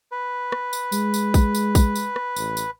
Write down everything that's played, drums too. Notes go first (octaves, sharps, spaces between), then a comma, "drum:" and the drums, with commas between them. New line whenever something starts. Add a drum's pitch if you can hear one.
B4
drum: rim click
drum: tambourine
G#3, drum: tambourine
drum: tambourine
drum: kick, tambourine
drum: tambourine
drum: kick, tambourine
drum: tambourine
drum: rim click
A1, drum: tambourine
drum: tambourine